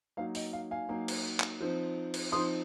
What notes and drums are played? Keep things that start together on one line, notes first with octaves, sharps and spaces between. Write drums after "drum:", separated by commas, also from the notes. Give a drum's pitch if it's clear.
F#3 A#3 D#4 F5
D#5, drum: open hi-hat
F5
F5 G#5
F#3 A#3 D#4
drum: cymbal
drum: clap
F3 C4 D#4
drum: cymbal
F3 C4 D#4 C6 D#6